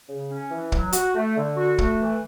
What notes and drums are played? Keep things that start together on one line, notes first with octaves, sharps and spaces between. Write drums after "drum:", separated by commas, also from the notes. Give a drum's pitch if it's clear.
C#3
C#4
E3
F#3, drum: kick
F#4, drum: hi-hat
A3
D3
F#4
A3, drum: kick
E3